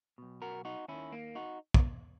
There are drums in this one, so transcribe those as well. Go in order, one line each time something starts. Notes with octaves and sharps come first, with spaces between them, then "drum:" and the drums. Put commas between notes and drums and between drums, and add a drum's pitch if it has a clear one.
B1 B2
F#4 A#4
D#4 F#4
D#2 D#3 C#4 E4
A#3
D#4 F#4
drum: kick